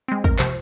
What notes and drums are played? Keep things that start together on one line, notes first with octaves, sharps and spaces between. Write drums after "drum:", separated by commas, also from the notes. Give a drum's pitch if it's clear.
G#3 C4
F2 A#4, drum: kick
C3 F3 C5, drum: clap